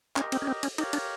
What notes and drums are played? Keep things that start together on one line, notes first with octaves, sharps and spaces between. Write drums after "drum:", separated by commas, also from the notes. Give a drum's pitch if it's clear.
C#4 G4 A#4 D#5, drum: clap
C4, drum: cymbal
C#4
C4
C#4, drum: cymbal
D#4 G4 A#4 C#5 F5, drum: cymbal
D4, drum: cymbal